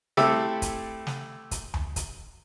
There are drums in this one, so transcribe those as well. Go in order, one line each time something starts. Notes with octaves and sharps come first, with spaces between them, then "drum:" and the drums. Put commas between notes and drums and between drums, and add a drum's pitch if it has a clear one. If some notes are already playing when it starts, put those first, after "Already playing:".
G3 A3 C4 E4 G4 A4, drum: snare
drum: kick, hi-hat
drum: snare
drum: kick, hi-hat
drum: tom D#2
drum: kick, hi-hat